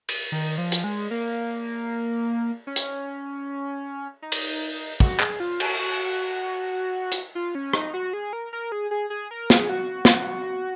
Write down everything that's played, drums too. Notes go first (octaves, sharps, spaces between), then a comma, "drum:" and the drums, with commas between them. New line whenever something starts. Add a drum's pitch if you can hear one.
drum: cymbal
D#3
F3
drum: hi-hat
G#3
A#3
C#4
drum: hi-hat
D#4
drum: cymbal
F#4, drum: kick
G#4, drum: clap
F4
F#4, drum: cymbal
F#4
drum: hi-hat
F4
C#4
D#4, drum: rim click
F#4
G#4
A#4
A#4
G#4
G#4
G#4
A#4
G#4, drum: snare
F#4
drum: snare